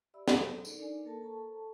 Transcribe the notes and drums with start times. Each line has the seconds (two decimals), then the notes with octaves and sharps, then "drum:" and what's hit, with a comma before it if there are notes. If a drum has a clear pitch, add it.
0.14 G4 D5 E5 B5 E6
0.28 F#3 C#4 G#4 A4 A#5, drum: snare
0.65 D#4 A4 A#4 D5, drum: tambourine
0.79 D4 D#4 D5 G#5
1.04 A#3 A4 A#4 A5
1.21 A4 C5 A5 A#5 C#6